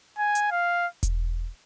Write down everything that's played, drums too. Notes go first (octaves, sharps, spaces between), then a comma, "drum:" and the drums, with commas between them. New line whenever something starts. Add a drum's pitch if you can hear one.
G#5
drum: hi-hat
F5
drum: kick E1, hi-hat